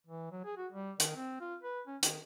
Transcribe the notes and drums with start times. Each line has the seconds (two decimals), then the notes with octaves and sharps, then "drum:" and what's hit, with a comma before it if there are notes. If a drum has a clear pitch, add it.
0.07 E3
0.32 F#3
0.45 G#4
0.57 F#4
0.72 G3
1.00 D#3, drum: hi-hat
1.16 C4
1.40 F4
1.63 B4
1.87 C#4
2.03 D#3, drum: hi-hat